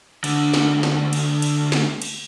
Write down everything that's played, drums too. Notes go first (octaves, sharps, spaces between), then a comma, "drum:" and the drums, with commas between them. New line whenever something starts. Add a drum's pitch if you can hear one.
D2 D3, drum: cymbal
drum: snare
drum: snare
drum: cymbal
drum: cymbal
drum: snare
drum: cymbal